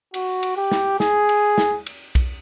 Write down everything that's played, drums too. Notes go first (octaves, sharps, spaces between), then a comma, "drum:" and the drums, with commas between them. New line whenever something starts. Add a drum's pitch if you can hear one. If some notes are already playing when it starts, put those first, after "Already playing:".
F#4, drum: cymbal
drum: cymbal
G4
drum: snare
G#4, drum: snare
drum: cymbal
drum: snare
drum: cymbal
drum: kick B1, cymbal